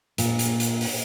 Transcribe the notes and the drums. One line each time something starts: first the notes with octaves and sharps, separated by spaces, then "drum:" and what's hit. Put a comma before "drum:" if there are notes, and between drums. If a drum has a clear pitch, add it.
A#2, drum: hi-hat
drum: hi-hat
drum: hi-hat
drum: open hi-hat